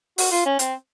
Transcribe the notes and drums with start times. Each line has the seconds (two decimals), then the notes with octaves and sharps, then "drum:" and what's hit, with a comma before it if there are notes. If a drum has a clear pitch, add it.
0.18 F#4, drum: open hi-hat
0.31 F4
0.46 C#4
0.59 C4, drum: hi-hat